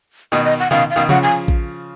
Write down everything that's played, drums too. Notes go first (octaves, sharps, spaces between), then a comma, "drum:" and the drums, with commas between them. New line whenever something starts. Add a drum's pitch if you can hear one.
B2 D#3 D#5
D#5
F#5
B2 D#3 F5, drum: tom C3
F5
B2 D#3
C#3 F3 F#5, drum: tom C3
G#5
drum: kick A1